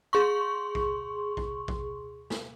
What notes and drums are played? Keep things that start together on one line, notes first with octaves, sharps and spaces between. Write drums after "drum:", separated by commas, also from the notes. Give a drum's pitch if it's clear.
G#4 C6 C#6
drum: kick A#1
drum: kick A#1
drum: kick A#1
drum: snare